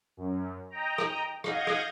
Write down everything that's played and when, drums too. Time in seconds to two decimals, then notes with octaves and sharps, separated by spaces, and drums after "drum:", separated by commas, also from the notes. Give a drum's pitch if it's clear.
0.17 F#2
0.70 D#5 G5 A#5
0.98 drum: rim click
1.44 D#5 F5 F#5 G6 G#6 A#6, drum: rim click
1.67 drum: rim click